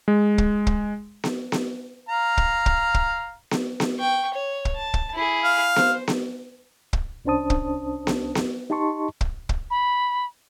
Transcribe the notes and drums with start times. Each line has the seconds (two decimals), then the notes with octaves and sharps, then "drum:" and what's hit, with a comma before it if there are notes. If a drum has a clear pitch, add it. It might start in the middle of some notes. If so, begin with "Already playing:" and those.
0.08 G#3
0.38 drum: kick
0.67 drum: kick
1.24 drum: snare B3
1.52 drum: snare B3
2.09 F5 A#5
2.37 drum: kick
2.66 drum: kick
2.94 drum: kick
3.51 drum: snare B3
3.80 drum: snare B3
3.98 G5 C#6
4.34 C#5
4.65 drum: kick
4.76 A5
4.94 drum: kick
5.14 E4 G#4
5.44 F5
5.76 C5, drum: snare B3
6.08 drum: snare B3
6.93 drum: kick
7.25 C2 C#4 D4 C5 A5 D#6
7.50 drum: kick
8.07 drum: snare B3
8.35 drum: snare B3
8.70 D#4 G4 D#5 A5 C6 C#6
9.21 drum: kick
9.49 drum: kick
9.70 B5